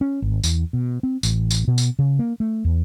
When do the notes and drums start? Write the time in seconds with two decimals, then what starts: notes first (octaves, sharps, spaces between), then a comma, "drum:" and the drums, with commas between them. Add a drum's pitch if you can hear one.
0.01 C#4
0.22 G#1
0.43 E2, drum: tambourine
0.73 B2
1.03 C4
1.23 A1, drum: tambourine
1.50 drum: tambourine
1.68 B2
1.78 drum: tambourine
1.99 C#3
2.19 A#3
2.40 A3
2.65 E2